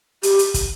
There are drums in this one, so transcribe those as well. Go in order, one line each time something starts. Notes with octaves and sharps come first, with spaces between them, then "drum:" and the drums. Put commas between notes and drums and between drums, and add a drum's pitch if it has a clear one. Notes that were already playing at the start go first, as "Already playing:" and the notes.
G4, drum: hi-hat
drum: hi-hat
drum: kick, hi-hat